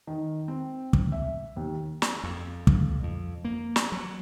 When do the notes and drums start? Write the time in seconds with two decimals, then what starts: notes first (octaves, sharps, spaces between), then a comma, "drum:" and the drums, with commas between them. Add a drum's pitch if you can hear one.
0.07 D#3
0.48 C4
0.93 drum: kick
1.12 E5
1.56 D#2
2.02 drum: snare
2.24 F2
2.67 drum: kick
3.03 F2
3.45 A#3
3.76 drum: snare
3.92 F#3